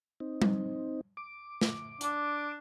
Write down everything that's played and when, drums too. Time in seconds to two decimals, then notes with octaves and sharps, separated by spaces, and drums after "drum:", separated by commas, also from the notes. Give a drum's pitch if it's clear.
0.20 C4 D#4
0.42 drum: tom G3
1.17 D6
1.61 drum: snare
2.01 D4, drum: hi-hat